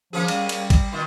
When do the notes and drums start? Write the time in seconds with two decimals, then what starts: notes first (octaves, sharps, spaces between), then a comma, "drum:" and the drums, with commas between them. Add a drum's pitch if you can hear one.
0.13 F3 A#3 C#4 G#4
0.28 G3, drum: cymbal
0.49 G3, drum: cymbal
0.70 drum: kick, cymbal
0.92 A#2 D#3